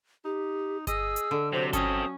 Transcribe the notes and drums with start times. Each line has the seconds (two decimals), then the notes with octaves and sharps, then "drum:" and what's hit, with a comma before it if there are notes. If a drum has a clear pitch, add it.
0.25 D#4 G4
0.87 G#4 D#5 E6, drum: kick G1, hi-hat
1.16 drum: hi-hat
1.31 D3
1.53 C3 F#3 C5
1.73 C4 C#4 A4 D#6, drum: kick G1, hi-hat